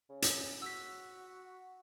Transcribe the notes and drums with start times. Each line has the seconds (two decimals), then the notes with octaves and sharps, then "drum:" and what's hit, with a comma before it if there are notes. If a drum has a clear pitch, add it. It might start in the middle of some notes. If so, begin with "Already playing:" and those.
0.10 C#3
0.22 drum: hi-hat
0.62 F#4 E6 B6